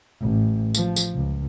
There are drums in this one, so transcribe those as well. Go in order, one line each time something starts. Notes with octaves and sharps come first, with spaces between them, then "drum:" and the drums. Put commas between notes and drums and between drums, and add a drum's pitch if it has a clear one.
A1
F3, drum: tambourine
drum: tambourine
C#2